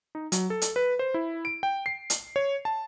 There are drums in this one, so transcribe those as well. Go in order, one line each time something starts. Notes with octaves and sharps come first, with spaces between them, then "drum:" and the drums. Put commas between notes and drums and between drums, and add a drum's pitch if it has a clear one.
D#4
F#3, drum: hi-hat
A4
drum: hi-hat
B4
C5
E4
D7
G5
C7
drum: hi-hat
C#5
A5